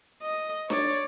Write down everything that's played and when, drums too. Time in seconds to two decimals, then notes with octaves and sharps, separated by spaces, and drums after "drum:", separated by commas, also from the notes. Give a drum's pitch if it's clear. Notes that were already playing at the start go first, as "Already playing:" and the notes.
0.22 D#5
0.70 C#5 D5, drum: snare D4